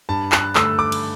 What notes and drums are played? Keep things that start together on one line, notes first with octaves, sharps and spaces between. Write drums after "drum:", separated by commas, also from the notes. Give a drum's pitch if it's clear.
G2 A5
F#6, drum: clap
D3 A3 E6, drum: clap
D6
drum: cymbal